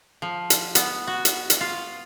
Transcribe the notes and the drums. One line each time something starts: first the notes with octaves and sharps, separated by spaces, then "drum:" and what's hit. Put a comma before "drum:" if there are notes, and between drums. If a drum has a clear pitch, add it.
F3
drum: hi-hat
B3, drum: hi-hat
F#4
drum: hi-hat
drum: hi-hat
F4